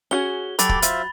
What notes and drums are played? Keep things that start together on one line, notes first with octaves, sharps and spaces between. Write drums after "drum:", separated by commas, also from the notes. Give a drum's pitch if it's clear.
C#4 F#4 G#4 G7
F#3 G4 A4 B5 D6 A6, drum: hi-hat
drum: kick
F4 C5 E5, drum: hi-hat